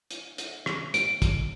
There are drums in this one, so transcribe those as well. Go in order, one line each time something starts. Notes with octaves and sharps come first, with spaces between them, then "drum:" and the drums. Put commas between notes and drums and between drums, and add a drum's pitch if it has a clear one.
drum: hi-hat
drum: hi-hat
drum: rim click
D7, drum: hi-hat
drum: kick, hi-hat